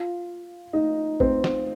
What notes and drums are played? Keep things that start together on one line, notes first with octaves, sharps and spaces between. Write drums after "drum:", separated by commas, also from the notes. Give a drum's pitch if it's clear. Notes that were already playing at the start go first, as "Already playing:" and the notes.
Already playing: F4
D#4
C4, drum: kick
drum: snare